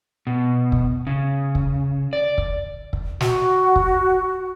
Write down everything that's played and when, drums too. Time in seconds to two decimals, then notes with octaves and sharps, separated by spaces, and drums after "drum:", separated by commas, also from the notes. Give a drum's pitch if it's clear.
0.27 B2
0.72 drum: kick
1.07 C#3
1.55 drum: kick
2.13 D5
2.38 drum: kick
2.93 drum: kick
3.21 F#4, drum: snare
3.76 drum: kick